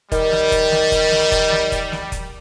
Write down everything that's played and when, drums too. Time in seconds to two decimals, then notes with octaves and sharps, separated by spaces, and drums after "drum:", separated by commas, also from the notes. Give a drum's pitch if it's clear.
0.12 D#3 G3, drum: kick, hi-hat
0.32 drum: snare
0.52 drum: kick, hi-hat
0.72 drum: snare
0.92 drum: kick, hi-hat
1.12 drum: snare
1.32 drum: kick, hi-hat
1.52 drum: snare
1.72 drum: kick, hi-hat
1.92 drum: snare
2.12 drum: kick, hi-hat